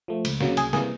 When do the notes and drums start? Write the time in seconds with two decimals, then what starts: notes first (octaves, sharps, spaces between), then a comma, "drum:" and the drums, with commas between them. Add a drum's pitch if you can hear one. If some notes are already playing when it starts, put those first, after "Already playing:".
0.08 F3 A3
0.25 C#2, drum: cymbal
0.41 C#3 F#3 A#3, drum: snare
0.57 C2 G#4, drum: cymbal
0.73 C3 E3 G3 A#3 G#4, drum: snare